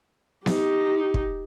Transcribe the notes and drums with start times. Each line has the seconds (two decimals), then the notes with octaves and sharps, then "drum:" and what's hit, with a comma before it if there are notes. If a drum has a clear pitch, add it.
0.46 D#4 G4, drum: snare B3
1.14 drum: kick